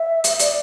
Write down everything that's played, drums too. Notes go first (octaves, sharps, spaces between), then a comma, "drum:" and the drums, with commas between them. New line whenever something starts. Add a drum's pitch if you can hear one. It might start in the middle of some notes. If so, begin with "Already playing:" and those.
Already playing: E5
drum: hi-hat
D5, drum: hi-hat